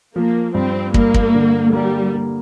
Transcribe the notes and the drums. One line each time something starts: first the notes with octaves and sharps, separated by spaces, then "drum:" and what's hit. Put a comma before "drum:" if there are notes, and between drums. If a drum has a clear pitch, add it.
F3 A#3
G2 C4
G2 A#3, drum: kick
drum: kick
D3
G3 A#3
A#3